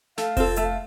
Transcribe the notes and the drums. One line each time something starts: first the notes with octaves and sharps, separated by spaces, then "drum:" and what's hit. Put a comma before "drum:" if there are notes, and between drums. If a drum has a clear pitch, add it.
A3 F5, drum: snare
C4 F4 A4, drum: kick F1, open hi-hat
A3 E5, drum: hi-hat
F5